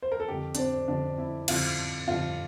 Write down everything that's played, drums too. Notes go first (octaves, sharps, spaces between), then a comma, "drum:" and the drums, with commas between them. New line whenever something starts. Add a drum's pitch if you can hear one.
C5
A#4
A4
F2 D3 G3 G4
D4, drum: hi-hat
C4
F2 D3 G3 D4
E4
F2 D3 G3 F4, drum: cymbal
F2 D3 G3 F4